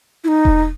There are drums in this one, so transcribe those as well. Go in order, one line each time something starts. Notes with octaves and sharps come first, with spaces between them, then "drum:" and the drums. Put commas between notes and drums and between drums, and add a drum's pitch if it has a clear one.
E4
D#4
drum: kick E1